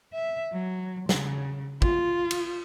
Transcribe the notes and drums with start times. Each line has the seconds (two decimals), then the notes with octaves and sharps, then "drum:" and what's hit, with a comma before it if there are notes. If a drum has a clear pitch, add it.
0.13 E5
0.53 F#3
1.09 C#3, drum: snare
1.82 F4, drum: kick
2.31 drum: cymbal